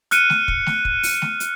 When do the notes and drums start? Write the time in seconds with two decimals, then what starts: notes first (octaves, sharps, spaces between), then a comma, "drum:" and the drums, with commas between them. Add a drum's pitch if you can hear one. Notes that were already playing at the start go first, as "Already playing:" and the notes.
0.11 F6 F#6 C#7 D#7, drum: hi-hat
0.30 drum: snare A3
0.48 drum: kick
0.66 drum: snare A3
0.85 drum: kick
1.03 drum: open hi-hat
1.22 drum: snare A3
1.40 drum: hi-hat